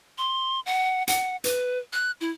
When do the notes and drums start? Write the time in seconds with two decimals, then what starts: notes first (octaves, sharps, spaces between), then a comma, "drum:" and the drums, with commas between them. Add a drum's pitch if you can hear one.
0.18 C6
0.66 F#5
1.08 F#5, drum: hi-hat
1.44 B4, drum: hi-hat
1.93 F#6
2.21 E4